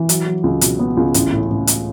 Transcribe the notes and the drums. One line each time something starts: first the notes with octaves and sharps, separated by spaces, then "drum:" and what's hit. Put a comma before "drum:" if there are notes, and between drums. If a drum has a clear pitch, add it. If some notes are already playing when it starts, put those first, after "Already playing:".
Already playing: E3
F#3, drum: hi-hat
F#3
C#2
B2, drum: hi-hat
B3
C#2
A1, drum: hi-hat
A2
A1
drum: hi-hat